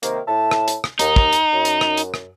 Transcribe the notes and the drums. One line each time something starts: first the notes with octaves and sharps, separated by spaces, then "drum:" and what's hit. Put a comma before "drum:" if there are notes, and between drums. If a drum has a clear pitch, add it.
C3 D#3 A#3, drum: hi-hat
A2 E5 A5
drum: rim click
drum: hi-hat
drum: rim click
D#2 D#4, drum: hi-hat
drum: kick
drum: hi-hat
F#2
drum: hi-hat
drum: rim click
drum: hi-hat
drum: rim click